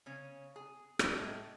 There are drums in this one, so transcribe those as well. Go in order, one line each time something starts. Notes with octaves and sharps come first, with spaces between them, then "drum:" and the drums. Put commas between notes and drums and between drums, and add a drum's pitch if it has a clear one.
C#3 C#4
G#4
drum: rim click
A2 G#3